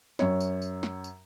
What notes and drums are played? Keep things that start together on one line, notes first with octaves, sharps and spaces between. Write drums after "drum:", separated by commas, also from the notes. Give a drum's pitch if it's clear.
F#2 C#5, drum: snare
drum: tambourine
drum: tambourine
drum: snare
drum: tambourine